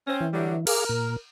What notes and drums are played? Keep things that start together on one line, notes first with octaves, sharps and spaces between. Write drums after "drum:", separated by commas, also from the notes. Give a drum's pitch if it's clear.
C4 C#4 A#6
E3
D3 F#3 G3
G#4 A#4 F5 D6, drum: cymbal
A#2